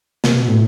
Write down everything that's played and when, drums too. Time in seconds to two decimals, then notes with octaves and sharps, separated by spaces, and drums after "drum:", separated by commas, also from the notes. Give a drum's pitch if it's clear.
0.24 C3, drum: snare
0.35 B2
0.48 A2